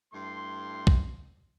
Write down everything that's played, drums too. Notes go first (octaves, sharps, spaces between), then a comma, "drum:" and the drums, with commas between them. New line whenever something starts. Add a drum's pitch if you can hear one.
G2 A3 E4 C6
drum: kick